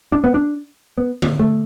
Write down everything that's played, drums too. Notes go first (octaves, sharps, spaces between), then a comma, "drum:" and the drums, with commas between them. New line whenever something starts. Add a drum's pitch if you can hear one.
D4
B3
D4
B3
drum: tom D3
A3